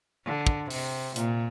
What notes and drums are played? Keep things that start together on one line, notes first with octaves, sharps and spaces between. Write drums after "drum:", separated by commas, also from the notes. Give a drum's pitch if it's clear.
D3
drum: kick
C3, drum: open hi-hat
A#2, drum: hi-hat